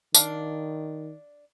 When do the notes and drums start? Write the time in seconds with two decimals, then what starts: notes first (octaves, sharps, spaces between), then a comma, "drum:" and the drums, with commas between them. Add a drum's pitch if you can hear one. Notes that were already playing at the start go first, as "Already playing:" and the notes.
0.15 D#3 D4 F5, drum: tambourine